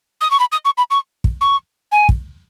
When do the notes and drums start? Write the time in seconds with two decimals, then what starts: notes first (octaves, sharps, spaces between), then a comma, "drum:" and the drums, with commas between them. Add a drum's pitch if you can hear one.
0.21 D#6
0.31 C#6
0.40 B5
0.52 D#6
0.65 C#6
0.78 B5
0.91 C#6
1.24 drum: kick
1.41 C#6
1.92 G#5
2.09 drum: kick